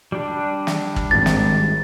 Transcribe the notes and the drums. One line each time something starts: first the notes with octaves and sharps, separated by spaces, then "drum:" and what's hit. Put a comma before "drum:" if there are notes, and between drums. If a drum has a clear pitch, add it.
G3 D4
drum: snare
drum: kick
G#1 A6
drum: snare